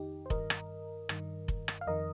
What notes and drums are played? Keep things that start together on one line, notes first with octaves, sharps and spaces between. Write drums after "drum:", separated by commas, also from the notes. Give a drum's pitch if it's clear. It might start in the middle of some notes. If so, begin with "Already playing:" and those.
Already playing: F2 D#3 D#4 G4
C5
G2 D#3 A#4 D#5, drum: kick F1
drum: rim click
G2 D#3, drum: rim click
drum: kick F1
drum: rim click
F5
F2 D#3 A#4 D#5